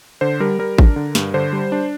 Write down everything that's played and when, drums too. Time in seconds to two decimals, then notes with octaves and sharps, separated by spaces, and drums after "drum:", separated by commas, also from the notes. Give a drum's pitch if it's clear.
0.21 D3 C5
0.40 G3 A#4
0.59 G3 A#4
0.78 D4, drum: kick G#1
0.96 D3
1.15 G2, drum: snare
1.34 D3 C5
1.53 G3
1.72 D4